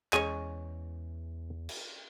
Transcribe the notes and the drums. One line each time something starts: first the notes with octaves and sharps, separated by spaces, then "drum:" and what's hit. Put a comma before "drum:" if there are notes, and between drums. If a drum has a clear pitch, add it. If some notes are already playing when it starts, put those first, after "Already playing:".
E2 G#3 C#4 C#5 G#5, drum: clap
drum: cymbal